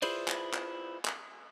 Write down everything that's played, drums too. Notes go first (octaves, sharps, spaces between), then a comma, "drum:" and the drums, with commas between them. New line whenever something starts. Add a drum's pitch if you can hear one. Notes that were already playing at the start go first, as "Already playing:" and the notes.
E4 F4 G#4 B4 C5 D5, drum: cymbal
drum: clap
drum: clap
drum: clap